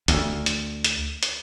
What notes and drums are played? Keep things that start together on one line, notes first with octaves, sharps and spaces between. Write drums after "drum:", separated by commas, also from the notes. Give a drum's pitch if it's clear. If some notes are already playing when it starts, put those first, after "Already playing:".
D2, drum: hi-hat
drum: hi-hat
drum: hi-hat
drum: hi-hat